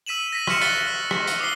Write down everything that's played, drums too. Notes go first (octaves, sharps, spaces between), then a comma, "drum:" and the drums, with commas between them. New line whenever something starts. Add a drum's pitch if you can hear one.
E6 B6 D#7 E7 F#7
A#6 B6 D#7
C#6 F6 B6 C#7 E7 F#7, drum: rim click
F#6 A6 B6 C#7 G7, drum: hi-hat
F6
drum: rim click
drum: hi-hat
D6 D#6 C7 G7